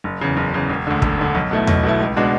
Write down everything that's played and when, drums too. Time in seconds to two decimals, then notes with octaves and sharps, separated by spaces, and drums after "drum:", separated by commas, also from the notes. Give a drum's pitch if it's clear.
0.04 F#1
0.21 E2 C#3
0.37 F#1
0.54 E2 C#3
0.70 E1
0.87 D2 D3
1.02 E1, drum: kick
1.19 D2 D3
1.35 B1
1.51 B2 A3 E4
1.67 B1, drum: tom E2
1.83 B2 A3 E4
2.00 C#2
2.17 B2 G#3 D4 F#4